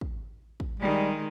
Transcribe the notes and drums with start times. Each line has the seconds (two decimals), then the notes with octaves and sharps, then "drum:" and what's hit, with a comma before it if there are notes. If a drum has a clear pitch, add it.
0.01 drum: kick
0.60 drum: kick
0.79 D#3 G3 G#3